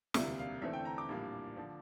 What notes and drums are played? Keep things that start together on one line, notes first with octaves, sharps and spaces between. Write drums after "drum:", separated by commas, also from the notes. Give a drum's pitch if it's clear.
E1 D2 C3 G3 A#3 E5, drum: snare
F5
E2 D3 A3 C4 E5
G5
A#5
D6
A#1 A2 G3 A#3 D4
D3 F3